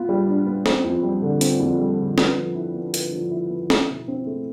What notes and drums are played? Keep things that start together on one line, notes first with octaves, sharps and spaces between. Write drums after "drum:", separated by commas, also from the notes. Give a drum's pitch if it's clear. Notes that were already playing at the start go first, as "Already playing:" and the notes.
Already playing: B3 F4
G3
D4
B3
C4, drum: snare
F2
G3
D3
C4, drum: hi-hat
F2
G3
D3
B4, drum: snare
F3
E4
B3
B4, drum: hi-hat
F3
E4
B3
E4, drum: snare
B2
C4
A3